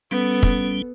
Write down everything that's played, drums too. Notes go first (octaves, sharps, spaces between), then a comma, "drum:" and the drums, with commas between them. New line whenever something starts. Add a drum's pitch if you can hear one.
G3 B3 C#4 A4
drum: kick